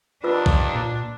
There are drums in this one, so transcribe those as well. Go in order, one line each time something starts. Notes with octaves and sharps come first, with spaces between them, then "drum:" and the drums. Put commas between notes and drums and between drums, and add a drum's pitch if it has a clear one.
D#2 D4 F4 B4 E6
drum: kick B1
A#2